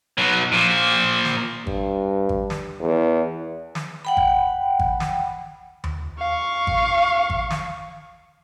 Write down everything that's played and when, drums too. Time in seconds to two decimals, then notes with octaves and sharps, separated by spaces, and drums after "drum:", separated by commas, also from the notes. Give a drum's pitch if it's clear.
0.18 B2 F#3
0.52 A#2 F3
1.25 drum: snare
1.67 G2, drum: kick G#1
2.29 drum: kick G#1
2.50 drum: snare
2.81 E2
3.75 drum: snare
4.05 F#5 G5 B5
4.17 drum: kick G#1
4.79 drum: kick G#1
5.00 drum: snare
5.84 drum: tom D#2
6.19 F5 C#6
6.67 drum: kick G#1
7.30 drum: kick G#1
7.51 drum: snare